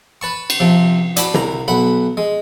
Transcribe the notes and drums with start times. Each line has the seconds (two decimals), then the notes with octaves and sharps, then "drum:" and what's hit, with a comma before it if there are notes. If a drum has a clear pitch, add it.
0.22 B4 A5 C#6
0.50 drum: cymbal
0.60 C3 F3
1.17 D4 F#4 B4, drum: hi-hat
1.34 C2 A#5, drum: tom
1.68 B1 F#5 B5
2.17 G#3